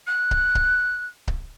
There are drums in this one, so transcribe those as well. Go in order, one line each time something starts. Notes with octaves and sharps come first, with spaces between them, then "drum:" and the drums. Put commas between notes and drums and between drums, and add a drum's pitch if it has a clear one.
F#6
drum: kick C#1
drum: kick C#1
drum: kick C#1